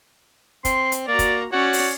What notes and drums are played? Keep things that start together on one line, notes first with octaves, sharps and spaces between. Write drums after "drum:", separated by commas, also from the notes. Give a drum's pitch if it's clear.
C4 C6, drum: kick, hi-hat
drum: hi-hat
A#3 F#4 D5 A#5
drum: kick, hi-hat
C#4 F#4 C#5 D5
drum: open hi-hat